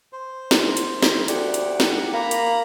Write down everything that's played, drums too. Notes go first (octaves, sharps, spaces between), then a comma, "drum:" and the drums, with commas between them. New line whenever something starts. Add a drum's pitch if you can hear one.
C5
drum: snare
drum: hi-hat
drum: snare
D2 G4 F#5, drum: hi-hat
drum: hi-hat
drum: snare
A#3 A#5 B5
drum: hi-hat